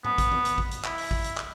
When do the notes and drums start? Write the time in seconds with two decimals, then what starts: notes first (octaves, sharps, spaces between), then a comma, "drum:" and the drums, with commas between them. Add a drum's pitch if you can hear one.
0.05 B3, drum: tom A2
0.18 drum: kick A1, hi-hat
0.32 drum: tom
0.45 drum: hi-hat
0.58 drum: kick A1
0.71 drum: hi-hat
0.84 E4, drum: clap
0.98 drum: open hi-hat
1.11 drum: kick A1
1.24 drum: hi-hat
1.37 drum: clap